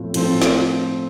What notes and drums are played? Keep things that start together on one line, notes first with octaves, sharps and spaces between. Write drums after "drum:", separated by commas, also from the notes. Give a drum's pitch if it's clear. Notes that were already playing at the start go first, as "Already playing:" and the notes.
Already playing: A2 F3 C4
A2 F3 C4, drum: cymbal
drum: snare